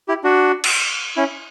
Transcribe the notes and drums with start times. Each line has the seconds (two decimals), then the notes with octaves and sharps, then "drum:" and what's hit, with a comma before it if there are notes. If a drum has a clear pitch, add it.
0.08 E4 G4
0.24 D4 F#4
0.64 drum: cymbal
1.17 C#4 E4